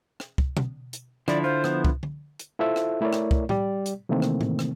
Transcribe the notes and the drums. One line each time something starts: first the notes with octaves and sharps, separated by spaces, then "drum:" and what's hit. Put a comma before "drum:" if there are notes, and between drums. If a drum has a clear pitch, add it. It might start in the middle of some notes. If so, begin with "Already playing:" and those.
drum: rim click
drum: kick
drum: tom B2
drum: hi-hat
D3 F3 E4 D5, drum: rim click
F4 C5
F3 B3, drum: rim click
drum: kick
drum: tom D3
drum: hi-hat
E4 F4 A4 C5 E5
drum: rim click
A3 E4 A#4 C#5 D5
drum: rim click
drum: kick
G3 G4 D5, drum: tom A2
drum: hi-hat
C3 D#3 E3 A3 A#3 C4
drum: rim click
drum: tom A2
drum: rim click